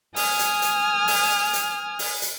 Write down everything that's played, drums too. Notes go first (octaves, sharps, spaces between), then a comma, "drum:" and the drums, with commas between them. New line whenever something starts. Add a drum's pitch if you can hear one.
G#5 D#6 F6 G#6, drum: open hi-hat
drum: hi-hat
drum: hi-hat
drum: open hi-hat
drum: hi-hat
drum: open hi-hat
drum: hi-hat